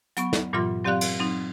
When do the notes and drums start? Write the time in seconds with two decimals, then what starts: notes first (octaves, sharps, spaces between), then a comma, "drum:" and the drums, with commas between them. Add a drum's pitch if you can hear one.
0.17 F#3 B3 C#6, drum: hi-hat
0.33 drum: snare
0.53 G2 A#2 E3 F#3 F4 C6
0.84 F#3 C4 G4 D5 F5 F#6
1.01 drum: cymbal
1.20 F#3 C4 D#4